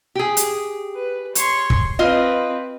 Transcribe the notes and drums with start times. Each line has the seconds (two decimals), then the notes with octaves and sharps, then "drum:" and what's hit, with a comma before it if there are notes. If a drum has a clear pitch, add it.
0.15 G4 G#4
0.37 drum: hi-hat
0.95 B4
1.35 C#5 C6, drum: hi-hat
1.70 drum: kick
1.99 C4 F4 B4 D#5